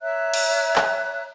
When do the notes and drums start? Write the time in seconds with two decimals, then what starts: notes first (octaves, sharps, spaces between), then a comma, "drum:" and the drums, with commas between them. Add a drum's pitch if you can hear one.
0.01 C#5 E5 A#5 F#6
0.34 drum: cymbal
0.76 drum: clap